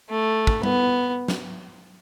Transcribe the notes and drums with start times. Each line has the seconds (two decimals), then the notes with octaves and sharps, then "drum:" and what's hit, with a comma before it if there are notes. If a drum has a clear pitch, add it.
0.10 A3
0.47 drum: kick
0.63 B3, drum: tom G3
1.28 drum: snare